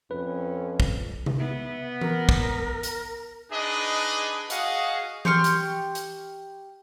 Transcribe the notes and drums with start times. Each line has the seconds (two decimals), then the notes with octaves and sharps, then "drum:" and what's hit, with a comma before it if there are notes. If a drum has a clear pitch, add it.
0.11 F2 C#4 B4
0.80 drum: kick
1.26 drum: tom C3
1.38 B3 E5
2.01 A#4, drum: tom E3
2.29 drum: kick
2.83 drum: hi-hat
3.51 D4 D#4 G#4 B4 D#5
4.50 F#4 G#4 D#5 F5 F#5, drum: hi-hat
5.25 G4 C6 C#6 F6, drum: tom E3
5.44 drum: hi-hat
5.95 drum: hi-hat